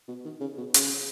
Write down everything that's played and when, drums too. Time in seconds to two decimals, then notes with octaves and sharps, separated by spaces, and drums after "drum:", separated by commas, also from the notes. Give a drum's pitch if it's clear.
0.08 B2
0.25 D#3
0.41 C#3
0.57 B2
0.74 C#3, drum: hi-hat